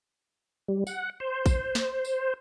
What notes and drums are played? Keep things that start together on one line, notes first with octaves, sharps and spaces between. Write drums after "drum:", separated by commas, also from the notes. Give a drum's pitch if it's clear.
G3
F#5, drum: tambourine
C5
drum: kick A1, tambourine
drum: snare
drum: tambourine